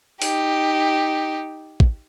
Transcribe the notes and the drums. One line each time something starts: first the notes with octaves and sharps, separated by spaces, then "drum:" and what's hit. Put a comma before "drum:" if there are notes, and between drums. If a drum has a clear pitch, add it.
D#4 G4, drum: open hi-hat
drum: kick